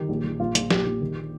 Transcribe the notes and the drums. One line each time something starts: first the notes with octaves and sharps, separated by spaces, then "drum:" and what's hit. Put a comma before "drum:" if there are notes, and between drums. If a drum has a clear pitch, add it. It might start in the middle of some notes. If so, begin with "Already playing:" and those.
Already playing: D#3 G4
A#1
A#1
A#1 F4
A#1, drum: hi-hat
A#1 G4, drum: snare
A#1
D#3